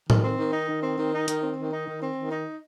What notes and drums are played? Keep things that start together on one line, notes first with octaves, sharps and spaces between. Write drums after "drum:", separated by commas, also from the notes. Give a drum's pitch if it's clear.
D#3, drum: tom A2
C4
D#3
D#4
D#3
C4
D#3
D#4
D#3, drum: hi-hat
C4
D#3
D#4
D#3
C4
D#3
D#4